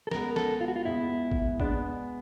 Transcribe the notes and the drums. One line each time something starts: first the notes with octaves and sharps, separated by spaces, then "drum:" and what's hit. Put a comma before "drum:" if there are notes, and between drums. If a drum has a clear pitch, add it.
A4
C#2 B2 G#3 B3 A#4, drum: snare
A4, drum: snare
F4
F#4
F4
C#2 B2 G#3 B3 E4
drum: kick G#1
B2 G#3 B3 D4, drum: kick G#1